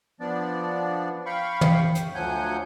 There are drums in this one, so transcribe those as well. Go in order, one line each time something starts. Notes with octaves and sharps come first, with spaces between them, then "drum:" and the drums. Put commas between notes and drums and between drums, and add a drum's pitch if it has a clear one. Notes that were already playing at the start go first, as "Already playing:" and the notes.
F3 B3 D4 D5
F5 G5 B5 C#6
drum: tom
drum: hi-hat
D2 F3 F#3 F#5 G#5 G6